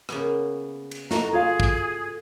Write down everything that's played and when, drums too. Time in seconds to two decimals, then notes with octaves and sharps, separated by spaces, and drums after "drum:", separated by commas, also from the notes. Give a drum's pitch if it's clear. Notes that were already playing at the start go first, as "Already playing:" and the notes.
0.09 C#3 A#3 B3, drum: rim click
0.91 drum: cymbal
1.11 E4 F#4 A4 D#5 A#5, drum: snare
1.33 F4 G#4 A4 F5
1.60 drum: kick